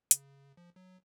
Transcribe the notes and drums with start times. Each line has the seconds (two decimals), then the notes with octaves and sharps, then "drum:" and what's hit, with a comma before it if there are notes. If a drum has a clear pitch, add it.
0.11 C#3, drum: hi-hat
0.57 F3
0.76 F#3